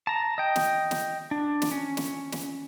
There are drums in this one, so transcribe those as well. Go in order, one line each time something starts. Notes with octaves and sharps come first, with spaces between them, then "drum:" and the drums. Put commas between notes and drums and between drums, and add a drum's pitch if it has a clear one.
A5 A#5
D#5 G5
drum: snare
drum: snare
D4
drum: snare
C#4
drum: snare
drum: snare